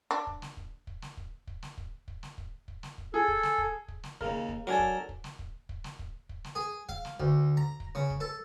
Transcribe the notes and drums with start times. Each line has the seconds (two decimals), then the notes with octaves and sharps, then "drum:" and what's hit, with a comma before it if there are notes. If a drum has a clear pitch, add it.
0.11 D4
0.27 drum: kick
0.42 drum: snare
0.57 drum: kick
0.87 drum: kick
1.02 drum: snare
1.17 drum: kick
1.47 drum: kick
1.62 drum: snare
1.78 drum: kick
2.08 drum: kick
2.23 drum: snare
2.38 drum: kick
2.68 drum: kick
2.83 drum: snare
2.98 drum: kick
3.14 G#4 A4
3.28 drum: kick
3.43 drum: snare
3.58 drum: kick
3.88 drum: kick
4.03 drum: snare
4.21 D#2 C#3 A#4, drum: kick
4.49 drum: kick
4.67 F#3 D4 A4 A#4 G#5
4.79 drum: kick
5.09 drum: kick
5.24 drum: snare
5.39 drum: kick
5.69 drum: kick
5.84 drum: snare
5.99 drum: kick
6.29 drum: kick
6.44 drum: snare
6.55 G#4
6.89 F5, drum: kick
7.05 drum: snare
7.20 D2, drum: kick
7.57 A#5
7.80 drum: kick
7.95 C#3
8.10 drum: kick
8.20 A4